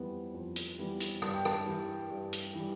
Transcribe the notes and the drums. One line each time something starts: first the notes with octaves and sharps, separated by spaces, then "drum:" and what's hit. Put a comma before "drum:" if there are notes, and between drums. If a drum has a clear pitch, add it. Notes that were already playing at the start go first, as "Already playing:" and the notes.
Already playing: F2 E3 G3 B3
F2
drum: hi-hat
E3 G3 B3
drum: hi-hat
G2 A5, drum: rim click
G5
A5, drum: rim click
E3 G3
G2
drum: hi-hat
E3 G3